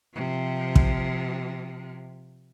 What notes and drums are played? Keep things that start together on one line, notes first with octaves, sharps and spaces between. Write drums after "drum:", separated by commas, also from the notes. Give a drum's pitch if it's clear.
C3 F3
drum: kick